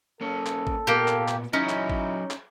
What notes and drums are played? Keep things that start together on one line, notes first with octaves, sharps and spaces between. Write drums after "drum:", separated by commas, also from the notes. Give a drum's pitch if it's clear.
A#3 C#4 A4
drum: clap
drum: kick
A#2 A#3 B3 G4
drum: clap
drum: clap
F#3 C#4 D#4 E4 D#5 G#5
drum: clap
drum: kick
drum: clap